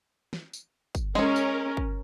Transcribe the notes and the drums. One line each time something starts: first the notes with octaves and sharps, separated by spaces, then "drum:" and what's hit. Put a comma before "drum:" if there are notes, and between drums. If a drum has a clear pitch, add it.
drum: snare
drum: tambourine
drum: kick, tambourine
G#3 C#4 A#4 C#5, drum: snare
drum: tambourine
drum: kick